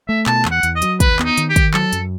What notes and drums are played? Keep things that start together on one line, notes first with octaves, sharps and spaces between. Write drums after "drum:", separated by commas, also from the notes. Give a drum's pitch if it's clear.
A3 E5
B2 A5, drum: clap
E2, drum: clap
F#5
E2, drum: hi-hat
D#5
F#3, drum: hi-hat
D#2 B4, drum: kick, hi-hat
B3, drum: clap
D#4
D#3, drum: hi-hat
G4
D#3, drum: kick, hi-hat
F#3 A4, drum: clap
F#2, drum: hi-hat